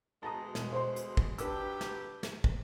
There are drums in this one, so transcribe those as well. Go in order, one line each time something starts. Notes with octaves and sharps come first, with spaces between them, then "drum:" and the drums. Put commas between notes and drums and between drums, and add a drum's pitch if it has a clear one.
D2 B2 G#3 A5 A#5 D#6
E1, drum: snare
C5 C6
drum: hi-hat
drum: kick
F#3 D4 G4 B4 E6, drum: hi-hat
drum: snare
drum: snare
drum: kick